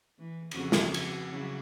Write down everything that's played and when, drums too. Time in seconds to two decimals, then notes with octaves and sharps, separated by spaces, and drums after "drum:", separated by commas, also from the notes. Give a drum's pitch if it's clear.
0.19 E3
0.51 F2 C#3 F#4, drum: cymbal
0.72 drum: snare
0.94 B3, drum: cymbal
1.31 C#3 F#3 E4